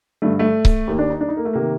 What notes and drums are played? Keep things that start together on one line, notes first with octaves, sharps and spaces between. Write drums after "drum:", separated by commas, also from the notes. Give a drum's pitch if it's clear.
G2 D3 A3
A3
drum: kick C#1
D#2 D#3 A#3
D4
D#4
D4
D#4
A#3
A3
C3 D#3 A#3